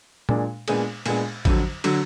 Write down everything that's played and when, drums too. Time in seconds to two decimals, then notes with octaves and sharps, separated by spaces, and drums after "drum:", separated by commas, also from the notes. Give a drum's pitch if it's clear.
0.29 A#2 G#3 D4, drum: tom
0.68 A#2 G#3 B3 D4 G#4, drum: cymbal
1.06 A#2 G#3 B3 D4 G#4, drum: cymbal
1.45 F2 D3 F#3, drum: kick, cymbal
1.84 D3 F#3, drum: cymbal